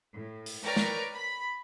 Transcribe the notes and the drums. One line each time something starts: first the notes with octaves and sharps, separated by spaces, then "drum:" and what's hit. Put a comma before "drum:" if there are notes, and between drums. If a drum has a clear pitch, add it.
A2
drum: open hi-hat
A#4 B4 C#5 D5 G5 A#5
drum: snare
B5